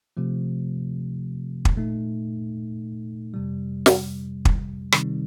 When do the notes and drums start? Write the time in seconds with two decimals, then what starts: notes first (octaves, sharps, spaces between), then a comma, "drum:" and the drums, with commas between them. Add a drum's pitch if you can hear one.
0.17 C3 F3 A3
1.65 drum: kick
1.76 A#2 A3 D#4
3.34 F2 C3 G3
3.86 drum: snare
4.45 drum: kick
4.92 C3 D#3 G3 C4 D#4, drum: rim click